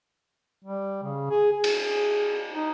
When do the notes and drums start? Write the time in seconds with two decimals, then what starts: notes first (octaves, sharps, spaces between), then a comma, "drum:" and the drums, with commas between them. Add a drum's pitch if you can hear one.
0.64 G3
1.03 C#3
1.30 G#4
1.52 G#4
1.64 drum: cymbal
1.83 G#4
2.53 D#4